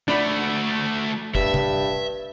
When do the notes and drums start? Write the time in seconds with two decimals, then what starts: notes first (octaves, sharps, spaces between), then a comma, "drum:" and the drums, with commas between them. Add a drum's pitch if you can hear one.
0.08 A3 D4 F#4 B5
1.35 G2 E5, drum: kick
1.54 drum: tom